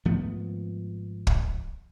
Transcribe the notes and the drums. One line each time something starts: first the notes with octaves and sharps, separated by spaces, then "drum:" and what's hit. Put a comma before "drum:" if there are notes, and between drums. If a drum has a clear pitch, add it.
G#1 F3 A3 B3
drum: kick